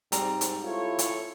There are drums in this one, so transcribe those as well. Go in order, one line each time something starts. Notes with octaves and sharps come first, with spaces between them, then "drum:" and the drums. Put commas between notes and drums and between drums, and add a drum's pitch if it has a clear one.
G#2 G3 C4 A#5, drum: hi-hat
drum: hi-hat
E4 F4 A4 C#5
drum: hi-hat